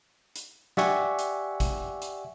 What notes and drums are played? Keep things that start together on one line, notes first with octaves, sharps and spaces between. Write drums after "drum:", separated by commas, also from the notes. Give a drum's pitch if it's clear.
drum: hi-hat
G4 D5 E5 F#5 G#5 C#6, drum: snare
drum: hi-hat
drum: kick, hi-hat
drum: hi-hat